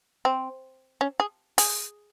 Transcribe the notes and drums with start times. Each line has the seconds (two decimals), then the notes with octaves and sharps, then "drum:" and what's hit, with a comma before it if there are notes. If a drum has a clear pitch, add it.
0.25 C4
1.01 C#4
1.20 G#4
1.58 G#4, drum: open hi-hat